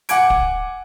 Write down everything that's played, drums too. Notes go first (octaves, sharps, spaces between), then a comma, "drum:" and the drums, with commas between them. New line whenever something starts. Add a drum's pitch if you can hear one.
F#5 G#5 D6 G#6 D7, drum: hi-hat
drum: kick